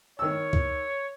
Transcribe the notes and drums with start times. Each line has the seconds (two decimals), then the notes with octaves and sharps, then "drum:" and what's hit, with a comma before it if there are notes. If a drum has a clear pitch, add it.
0.19 D#3 C#5 E6
0.53 drum: kick D2